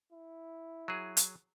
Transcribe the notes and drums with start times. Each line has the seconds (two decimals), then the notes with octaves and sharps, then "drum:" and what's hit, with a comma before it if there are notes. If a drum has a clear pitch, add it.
0.12 E4
0.88 F#3 G#4
1.17 drum: hi-hat